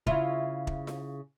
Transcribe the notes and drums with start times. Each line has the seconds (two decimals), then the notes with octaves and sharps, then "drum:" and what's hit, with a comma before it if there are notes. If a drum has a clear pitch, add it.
0.07 C#3 E4 F4, drum: kick
0.67 drum: kick
0.87 drum: snare F4